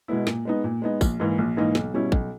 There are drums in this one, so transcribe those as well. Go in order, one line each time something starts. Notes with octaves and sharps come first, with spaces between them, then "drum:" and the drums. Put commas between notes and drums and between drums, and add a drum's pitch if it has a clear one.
B2 G#3 B3 E4
A#2, drum: snare
G#3 B3 D#4
A#2
G#3 B3 D#4
A#1, drum: kick, tambourine
G#2 E3 A#3 D#4
A#1
G#2 E3 A#3 D#4
B1, drum: snare
B2 G3 C#4 E4
B1, drum: kick